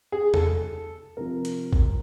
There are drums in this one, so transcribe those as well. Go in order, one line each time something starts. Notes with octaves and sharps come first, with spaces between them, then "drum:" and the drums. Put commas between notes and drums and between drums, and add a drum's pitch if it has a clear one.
G#4
A4, drum: tom E2
C3 F3 A#4
drum: hi-hat
drum: kick